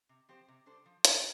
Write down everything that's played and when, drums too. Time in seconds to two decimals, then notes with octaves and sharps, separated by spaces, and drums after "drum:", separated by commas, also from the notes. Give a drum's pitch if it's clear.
0.09 C3
0.29 F3 C4 G4 C5
0.48 C3
0.66 G3 D4 A4 C5
0.86 F3
1.05 A#3 F4, drum: hi-hat